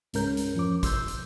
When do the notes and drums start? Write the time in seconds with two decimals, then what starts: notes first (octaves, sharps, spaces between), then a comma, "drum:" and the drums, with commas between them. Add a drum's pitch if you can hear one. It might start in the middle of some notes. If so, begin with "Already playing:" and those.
0.13 C#2 G#2 G#3 C#4 A#4 G6, drum: hi-hat
0.37 drum: hi-hat
0.55 F2 F3 C#4 D6
0.83 C6 E6 G6, drum: kick, hi-hat
1.08 drum: hi-hat